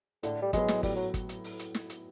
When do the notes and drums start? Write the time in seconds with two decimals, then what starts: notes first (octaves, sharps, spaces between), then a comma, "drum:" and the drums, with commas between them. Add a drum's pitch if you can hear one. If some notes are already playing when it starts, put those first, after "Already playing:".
0.23 A2 D3, drum: hi-hat
0.42 G3
0.53 F#3 G#3 B3, drum: kick, hi-hat
0.68 drum: snare
0.83 A2 G3, drum: kick, open hi-hat
0.96 F#3
1.14 drum: kick, hi-hat
1.29 drum: hi-hat
1.44 drum: open hi-hat
1.59 drum: hi-hat
1.74 drum: snare
1.90 drum: hi-hat